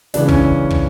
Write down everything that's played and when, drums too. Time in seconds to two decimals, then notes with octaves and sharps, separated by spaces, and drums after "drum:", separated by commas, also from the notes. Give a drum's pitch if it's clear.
0.14 C#2 C#3 E3 D4, drum: snare
0.28 C#4, drum: kick
0.70 drum: kick